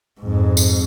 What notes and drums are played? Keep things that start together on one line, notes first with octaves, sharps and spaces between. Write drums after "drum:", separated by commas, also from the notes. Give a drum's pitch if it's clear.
F2 G#2
drum: tambourine